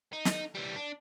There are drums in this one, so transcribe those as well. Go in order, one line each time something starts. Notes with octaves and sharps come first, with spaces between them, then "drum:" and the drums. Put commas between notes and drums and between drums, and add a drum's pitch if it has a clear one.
D#4
drum: snare
E3 G3
D4